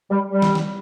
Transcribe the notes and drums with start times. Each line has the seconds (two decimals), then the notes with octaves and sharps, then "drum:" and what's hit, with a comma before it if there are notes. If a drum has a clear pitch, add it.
0.11 G3
0.30 G3
0.42 drum: snare
0.55 drum: snare